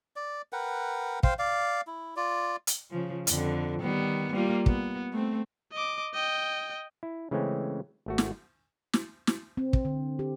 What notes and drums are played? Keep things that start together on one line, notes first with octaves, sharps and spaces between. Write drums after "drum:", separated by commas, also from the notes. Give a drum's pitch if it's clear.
D5
A#4 B4 F#5 G5
C5 F5 G5, drum: kick
D5 F5
E4
F4 D5
drum: hi-hat
C#3 F3
F2 D3, drum: hi-hat
D#3 G3 B3
G3 A#3 F4
B3, drum: kick
A3 C4
D#5 D6
D#5 G5
E4
C#3 E3 G#3 A3 C4 C#4
G#1 A3 F#4
drum: snare
drum: snare
drum: snare
C4
drum: kick
D3
G4